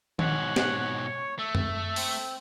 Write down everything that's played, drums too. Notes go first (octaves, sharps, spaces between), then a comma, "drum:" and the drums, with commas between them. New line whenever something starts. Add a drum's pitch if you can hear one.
G#2 B2 C#5 F#5, drum: tom D#3
drum: snare
C#6
A3 E6
drum: tom F#2
C4, drum: open hi-hat